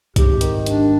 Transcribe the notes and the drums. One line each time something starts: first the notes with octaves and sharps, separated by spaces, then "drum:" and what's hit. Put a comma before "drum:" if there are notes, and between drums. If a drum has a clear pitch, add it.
G#1 G#2 G4, drum: kick, hi-hat
D#3, drum: hi-hat
D4, drum: hi-hat